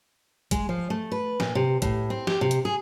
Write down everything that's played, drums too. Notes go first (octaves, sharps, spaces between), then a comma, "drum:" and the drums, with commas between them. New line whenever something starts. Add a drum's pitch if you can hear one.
G#3, drum: kick, hi-hat
F3
A3
B4
A#2, drum: snare
C3
A2, drum: kick, hi-hat
C4
G4, drum: snare
C3
drum: hi-hat
G#4